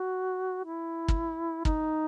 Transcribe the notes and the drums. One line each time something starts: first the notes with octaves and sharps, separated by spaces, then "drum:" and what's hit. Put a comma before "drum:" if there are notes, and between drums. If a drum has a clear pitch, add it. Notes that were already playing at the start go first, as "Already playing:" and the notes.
Already playing: F#4
E4
drum: kick
D#4, drum: kick